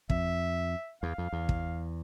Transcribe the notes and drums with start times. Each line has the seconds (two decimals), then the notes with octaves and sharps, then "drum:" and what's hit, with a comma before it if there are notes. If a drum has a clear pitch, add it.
0.10 F2 E5, drum: kick
1.02 E2 F5
1.18 F2
1.33 E2
1.49 drum: kick